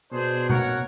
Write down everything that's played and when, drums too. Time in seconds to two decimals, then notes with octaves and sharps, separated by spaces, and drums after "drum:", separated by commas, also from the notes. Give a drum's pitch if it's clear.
0.12 B2 D4 G#4 C5
0.50 A#4 C#5 F#5, drum: tom B2